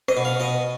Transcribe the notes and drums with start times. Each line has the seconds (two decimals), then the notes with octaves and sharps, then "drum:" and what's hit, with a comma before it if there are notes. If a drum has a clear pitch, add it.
0.08 D#5, drum: rim click
0.17 B2
0.25 F5
0.40 B2 D#5